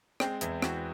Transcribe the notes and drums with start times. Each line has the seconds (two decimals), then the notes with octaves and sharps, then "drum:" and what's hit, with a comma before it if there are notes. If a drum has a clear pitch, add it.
0.20 G#3 C4, drum: rim click
0.41 E2 E4, drum: hi-hat
0.62 E3 F#4, drum: rim click